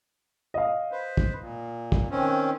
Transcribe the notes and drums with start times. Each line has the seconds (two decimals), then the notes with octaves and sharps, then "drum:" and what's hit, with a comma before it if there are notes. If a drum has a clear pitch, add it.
0.54 D#5 F5
0.92 B4 C5
1.17 drum: kick
1.40 A#2
1.92 drum: kick
2.11 D#3 C4 C#4